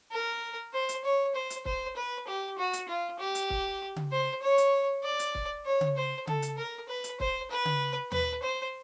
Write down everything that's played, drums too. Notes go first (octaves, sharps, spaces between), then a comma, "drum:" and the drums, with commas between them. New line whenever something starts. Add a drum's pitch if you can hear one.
A#4
C5
drum: hi-hat
C#5
C5
drum: hi-hat
C5, drum: kick
B4
G4
F#4
drum: hi-hat
F4
G4
drum: hi-hat
drum: kick
drum: tom C#3
C5
C#5
drum: hi-hat
D5
drum: hi-hat
drum: kick
C#5
drum: tom C#3
C5
A4, drum: tom C#3
drum: hi-hat
A#4
B4
drum: hi-hat
C5, drum: kick
B4
drum: tom C#3
B4, drum: tom D#2
C5